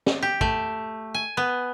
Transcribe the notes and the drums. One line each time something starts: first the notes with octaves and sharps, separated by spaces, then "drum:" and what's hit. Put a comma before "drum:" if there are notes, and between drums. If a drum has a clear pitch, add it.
drum: snare
G4
A3, drum: kick
G#5
B3